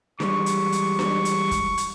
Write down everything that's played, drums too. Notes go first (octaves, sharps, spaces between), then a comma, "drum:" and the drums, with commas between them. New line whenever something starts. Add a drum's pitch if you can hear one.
E3 G3 G#3 C#6, drum: snare D4
drum: hi-hat
drum: hi-hat
drum: snare D4
drum: hi-hat
drum: kick, hi-hat
drum: hi-hat